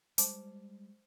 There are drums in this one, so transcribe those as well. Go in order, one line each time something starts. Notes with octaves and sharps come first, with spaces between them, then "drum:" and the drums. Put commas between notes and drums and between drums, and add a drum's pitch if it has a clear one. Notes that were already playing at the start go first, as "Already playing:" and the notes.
G3 G#3 C5 A5 D6, drum: hi-hat